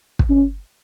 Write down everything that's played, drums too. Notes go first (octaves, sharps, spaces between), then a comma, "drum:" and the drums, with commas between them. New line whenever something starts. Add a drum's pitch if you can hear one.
drum: kick
C#4